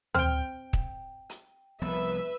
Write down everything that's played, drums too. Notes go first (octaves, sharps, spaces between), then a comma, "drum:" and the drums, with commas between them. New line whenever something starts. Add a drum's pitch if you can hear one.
C4 G5 F6, drum: tom
drum: kick
drum: hi-hat
C2 F3 B3 B4 E5